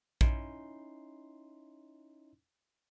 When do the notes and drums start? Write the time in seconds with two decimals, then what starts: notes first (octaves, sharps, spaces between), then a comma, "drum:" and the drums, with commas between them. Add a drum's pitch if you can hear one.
0.21 C#4 D#4 E4 C6, drum: kick A#1